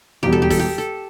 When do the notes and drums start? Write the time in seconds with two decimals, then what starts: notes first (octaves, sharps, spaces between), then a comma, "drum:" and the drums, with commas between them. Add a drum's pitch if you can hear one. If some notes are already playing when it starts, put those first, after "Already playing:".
0.23 E1 E2 E3 G3 G4, drum: tom D#2
0.33 A4
0.42 G4
0.50 A4, drum: kick G1, open hi-hat
0.59 G4
0.78 A4